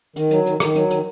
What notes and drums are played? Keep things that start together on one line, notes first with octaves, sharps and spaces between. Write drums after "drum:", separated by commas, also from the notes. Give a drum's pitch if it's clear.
D#3, drum: hi-hat
F#3, drum: hi-hat
D#3, drum: hi-hat
D#3, drum: rim click
F#3, drum: hi-hat
D#3, drum: hi-hat